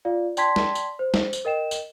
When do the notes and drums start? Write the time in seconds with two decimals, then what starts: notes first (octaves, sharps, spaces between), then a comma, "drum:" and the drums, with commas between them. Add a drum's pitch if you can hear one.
0.05 F4 D5 F5
0.37 D5 G5 A5 C6 G#6 B6, drum: tambourine
0.56 drum: snare
0.75 drum: tambourine
0.99 C5
1.14 drum: snare
1.33 drum: tambourine
1.45 A#4 D#5 G5 E7
1.71 drum: tambourine